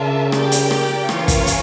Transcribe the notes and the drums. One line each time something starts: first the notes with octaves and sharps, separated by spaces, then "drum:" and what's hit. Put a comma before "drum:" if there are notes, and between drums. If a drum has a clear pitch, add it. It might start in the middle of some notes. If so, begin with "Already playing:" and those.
Already playing: C#3 D4 F4 A#4 E5 A5
G4 A#4 D5 G5, drum: rim click
drum: hi-hat
drum: rim click
E3 C#4 F4 A#4 C#5 F5, drum: rim click
drum: kick, hi-hat
drum: hi-hat